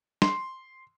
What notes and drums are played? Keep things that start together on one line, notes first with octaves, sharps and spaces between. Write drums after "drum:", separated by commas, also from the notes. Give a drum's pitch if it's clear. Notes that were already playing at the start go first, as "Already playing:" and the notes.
C6, drum: snare